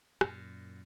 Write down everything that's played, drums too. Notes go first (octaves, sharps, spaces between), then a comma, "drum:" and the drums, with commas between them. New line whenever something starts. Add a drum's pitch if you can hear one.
F#2 A#2, drum: rim click